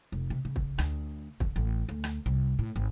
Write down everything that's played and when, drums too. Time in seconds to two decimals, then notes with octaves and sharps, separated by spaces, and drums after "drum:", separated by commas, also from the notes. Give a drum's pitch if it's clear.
0.12 F1
0.30 C3
0.45 C#3
0.56 drum: kick
0.78 D2, drum: rim click
1.40 D3, drum: kick
1.56 A1
1.89 D2
2.04 drum: rim click
2.26 C2
2.59 A2
2.76 G#1